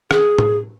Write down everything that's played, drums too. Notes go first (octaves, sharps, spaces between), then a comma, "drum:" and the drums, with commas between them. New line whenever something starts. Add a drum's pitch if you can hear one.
G#4, drum: rim click
drum: tom A2